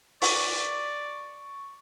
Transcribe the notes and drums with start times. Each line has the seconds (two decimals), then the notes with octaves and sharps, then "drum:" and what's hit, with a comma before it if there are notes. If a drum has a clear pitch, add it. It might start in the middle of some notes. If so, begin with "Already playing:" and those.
0.22 D5 C#6, drum: open hi-hat